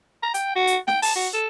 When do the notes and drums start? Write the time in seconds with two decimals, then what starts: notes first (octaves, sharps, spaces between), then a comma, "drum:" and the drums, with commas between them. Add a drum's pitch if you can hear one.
0.23 A#5
0.34 G5, drum: hi-hat
0.56 F#4
0.67 drum: hi-hat
0.87 G5, drum: snare
1.02 A5, drum: open hi-hat
1.16 F#4
1.34 A4